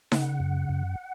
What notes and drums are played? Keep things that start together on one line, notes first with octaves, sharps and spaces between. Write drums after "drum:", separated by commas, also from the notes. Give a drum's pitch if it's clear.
C#3 F#5, drum: snare D#4
F#2
F#2